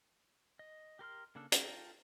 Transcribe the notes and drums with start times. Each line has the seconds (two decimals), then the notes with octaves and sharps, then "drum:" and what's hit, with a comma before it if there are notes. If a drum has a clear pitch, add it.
0.59 D#5
0.99 G4 A#4 C6 F6
1.35 C#3 A#3 D4 A4
1.52 F4 A4 G5 A#5, drum: hi-hat